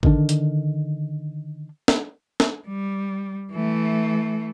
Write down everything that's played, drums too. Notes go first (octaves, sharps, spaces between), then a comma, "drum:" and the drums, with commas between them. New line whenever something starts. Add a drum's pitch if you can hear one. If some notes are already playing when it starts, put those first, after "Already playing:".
D3 D#3 D4, drum: kick G#1
drum: hi-hat
drum: snare
drum: snare
G3
E3 A3